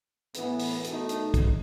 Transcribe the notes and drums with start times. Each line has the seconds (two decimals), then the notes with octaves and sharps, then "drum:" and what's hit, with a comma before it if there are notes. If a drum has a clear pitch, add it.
0.34 A2 E3 B3, drum: hi-hat
0.59 drum: open hi-hat
0.84 B2 A3 D#4, drum: hi-hat
1.09 drum: hi-hat
1.34 drum: kick, hi-hat